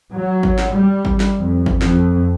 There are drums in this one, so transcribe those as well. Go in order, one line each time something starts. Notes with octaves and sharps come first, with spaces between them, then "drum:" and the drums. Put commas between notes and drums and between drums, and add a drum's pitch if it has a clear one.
F#3
drum: kick G#1
drum: snare
G3
drum: kick G#1
drum: snare
F2
drum: kick G#1
F2, drum: snare